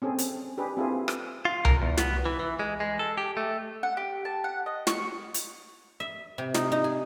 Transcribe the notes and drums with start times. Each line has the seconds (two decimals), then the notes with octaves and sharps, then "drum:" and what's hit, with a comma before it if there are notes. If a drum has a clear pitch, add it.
0.02 C4 C#4 G#4 A4
0.18 drum: hi-hat
0.57 D4 G4 G#4 B4
0.77 C4 E4 F4 G#4 A4 B4
1.08 drum: rim click
1.45 F4
1.65 A#4, drum: tom C2
1.82 E2
1.97 B3, drum: snare
2.25 E3
2.39 E3
2.59 G#3
2.80 G#3
2.99 A4
3.18 G4
3.37 A3
3.83 F#5
3.97 G4
4.25 A5
4.44 F#5
4.66 D#5
4.87 C#6, drum: snare
5.34 drum: hi-hat
6.00 E5
6.38 C3
6.54 D#4, drum: snare
6.72 D#4
6.84 G#4